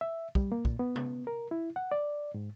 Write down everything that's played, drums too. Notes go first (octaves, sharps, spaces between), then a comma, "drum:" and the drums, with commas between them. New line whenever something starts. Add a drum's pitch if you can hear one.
E5
G3, drum: kick
A#3
A#2, drum: kick
B3
drum: tom
A#4
E4
F#5
D5
G#2